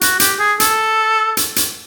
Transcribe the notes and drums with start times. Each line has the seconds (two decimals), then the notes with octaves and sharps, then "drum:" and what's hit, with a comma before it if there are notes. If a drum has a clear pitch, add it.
0.01 F#4, drum: hi-hat
0.20 G4, drum: hi-hat
0.39 G#4
0.60 A4, drum: hi-hat
1.37 drum: hi-hat
1.56 drum: hi-hat